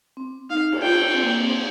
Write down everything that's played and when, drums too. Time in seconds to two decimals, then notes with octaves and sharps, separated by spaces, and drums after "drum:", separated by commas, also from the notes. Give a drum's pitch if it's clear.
0.17 C4
0.50 D#4 F5
0.72 drum: cymbal
0.82 F4 G5
1.14 C4
1.23 A#3
1.30 C4
1.47 C4